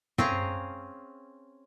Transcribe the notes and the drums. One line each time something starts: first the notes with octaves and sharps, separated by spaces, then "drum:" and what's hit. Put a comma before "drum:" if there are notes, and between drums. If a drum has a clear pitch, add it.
C4 C#4 G#4 F5 A#5, drum: tom